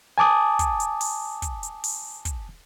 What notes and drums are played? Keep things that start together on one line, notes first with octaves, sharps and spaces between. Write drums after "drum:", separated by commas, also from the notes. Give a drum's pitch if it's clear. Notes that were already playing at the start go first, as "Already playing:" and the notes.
G#5 A5 D6 D#6
drum: kick, hi-hat
drum: hi-hat
drum: open hi-hat
drum: kick, hi-hat
drum: hi-hat
drum: open hi-hat
drum: kick, hi-hat